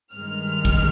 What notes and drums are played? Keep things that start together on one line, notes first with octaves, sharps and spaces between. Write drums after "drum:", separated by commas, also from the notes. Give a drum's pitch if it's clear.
G2 D#3 G#3 F6
drum: kick